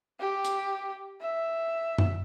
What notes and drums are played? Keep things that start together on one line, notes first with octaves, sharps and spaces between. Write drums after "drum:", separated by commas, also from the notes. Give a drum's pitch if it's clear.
G4
drum: hi-hat
E5
drum: tom F#2